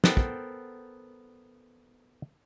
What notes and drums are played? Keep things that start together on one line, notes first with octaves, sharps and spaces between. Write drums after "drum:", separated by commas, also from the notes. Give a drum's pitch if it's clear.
B3 A4 A#4 C5 F#5 G5, drum: snare
drum: kick